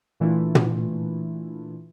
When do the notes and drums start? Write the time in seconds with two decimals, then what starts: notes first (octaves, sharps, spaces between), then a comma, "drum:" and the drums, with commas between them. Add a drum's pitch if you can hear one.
0.20 A#2 E3 A3 D4 E4 F4
0.55 drum: tom